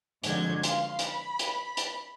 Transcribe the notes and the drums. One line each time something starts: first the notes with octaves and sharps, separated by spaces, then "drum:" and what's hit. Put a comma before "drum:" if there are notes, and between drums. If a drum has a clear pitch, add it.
F2 D3 F#3 G#3 G6 G#6, drum: hi-hat
F5 C6, drum: hi-hat
B5, drum: hi-hat
drum: hi-hat
drum: hi-hat